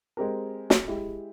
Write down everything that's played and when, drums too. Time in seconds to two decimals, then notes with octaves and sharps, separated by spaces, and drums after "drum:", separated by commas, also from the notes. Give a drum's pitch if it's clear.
0.17 G#3 C4 G4 A#4
0.70 drum: snare
0.88 G#3 E4 G4